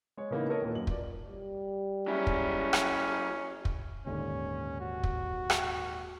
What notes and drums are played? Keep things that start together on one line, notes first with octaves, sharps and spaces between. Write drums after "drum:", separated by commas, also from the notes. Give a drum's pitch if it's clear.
G#3 C#5
C#3 E3 A#3 B3 D#4 E4
A4 A#4 C#5 D#5 A5
D#2 A#2 A#3
F#2 F#7
F4 D5, drum: kick
G3
F#2 C#4 E4
drum: kick
drum: rim click
drum: kick
D#1 G#2 D3 C#4
F#4
drum: kick
drum: rim click